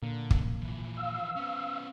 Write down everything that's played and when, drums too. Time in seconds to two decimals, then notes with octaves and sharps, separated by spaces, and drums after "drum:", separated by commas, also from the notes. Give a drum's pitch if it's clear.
0.02 A#2 D3
0.31 drum: kick
0.62 E3 F3
0.97 F5 E6
1.36 B3 C#4